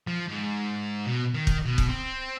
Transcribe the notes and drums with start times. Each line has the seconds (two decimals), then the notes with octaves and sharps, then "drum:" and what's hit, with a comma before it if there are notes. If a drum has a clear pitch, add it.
0.07 F3
0.29 G#2
1.06 B2
1.34 D#3
1.47 drum: kick
1.66 B2
1.78 drum: kick
1.89 C4